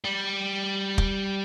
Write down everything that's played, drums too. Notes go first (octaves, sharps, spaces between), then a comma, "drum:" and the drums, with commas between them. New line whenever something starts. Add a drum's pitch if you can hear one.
G3
drum: kick